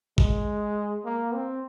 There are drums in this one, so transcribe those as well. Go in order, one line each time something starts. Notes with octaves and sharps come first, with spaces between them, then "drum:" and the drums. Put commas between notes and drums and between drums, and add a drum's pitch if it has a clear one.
G#3, drum: kick G#1
A#3
C4